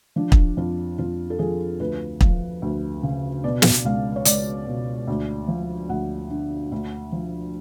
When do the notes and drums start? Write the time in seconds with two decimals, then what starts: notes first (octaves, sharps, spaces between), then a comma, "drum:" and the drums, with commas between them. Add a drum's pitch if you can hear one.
0.16 F3 D4
0.32 drum: kick
0.57 F2 F4
0.98 F2 F4
1.30 A4
1.39 F3 G#4
1.80 D2 B4
2.21 F3, drum: kick
2.62 D2
3.03 C#3
3.44 B2 D5
3.62 drum: snare
3.85 C#2 F5
4.16 C#5
4.25 C#2 D5, drum: hi-hat
4.66 B2
5.08 D2
5.48 F3
5.89 D2 F#5
6.30 D3
6.72 D2
7.12 F3